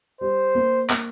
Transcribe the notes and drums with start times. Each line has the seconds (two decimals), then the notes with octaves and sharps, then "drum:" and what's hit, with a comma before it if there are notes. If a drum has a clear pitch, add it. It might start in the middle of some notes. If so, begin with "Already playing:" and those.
0.21 G3 C5
0.55 A#3
0.90 A#3, drum: clap